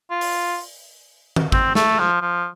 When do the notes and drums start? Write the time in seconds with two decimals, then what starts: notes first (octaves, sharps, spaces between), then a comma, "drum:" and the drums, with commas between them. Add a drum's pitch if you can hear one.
0.10 F4
0.21 drum: open hi-hat
1.36 drum: tom D#3
1.52 C4, drum: kick
1.75 A3, drum: snare
1.99 F3
2.22 F3